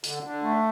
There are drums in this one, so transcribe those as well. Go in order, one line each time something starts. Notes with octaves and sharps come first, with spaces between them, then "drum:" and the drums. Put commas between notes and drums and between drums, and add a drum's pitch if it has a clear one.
D3, drum: hi-hat
D3
A3